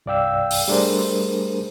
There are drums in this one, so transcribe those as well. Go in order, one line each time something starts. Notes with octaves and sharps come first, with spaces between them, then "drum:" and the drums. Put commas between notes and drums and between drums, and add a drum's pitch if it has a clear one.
C2 G2 D5 F5 G5 E6
drum: open hi-hat
G3 A3 D4 G#4 A#4 C5